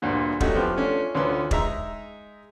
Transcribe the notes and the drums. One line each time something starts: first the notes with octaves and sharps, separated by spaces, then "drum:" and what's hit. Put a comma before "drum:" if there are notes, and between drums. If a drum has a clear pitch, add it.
D2 G2 A#2 D3
G3 A3 C#4 D#4 F#4, drum: kick
F3 B3 G4
A3 C#4 D4 F4
D2 D3 C#4 F4 B4 C6
G#3 D#4 E5 A#5, drum: kick